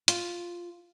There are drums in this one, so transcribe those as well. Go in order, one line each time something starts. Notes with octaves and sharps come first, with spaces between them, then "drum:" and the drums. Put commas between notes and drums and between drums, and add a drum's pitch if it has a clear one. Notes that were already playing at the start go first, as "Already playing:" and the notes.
F4, drum: hi-hat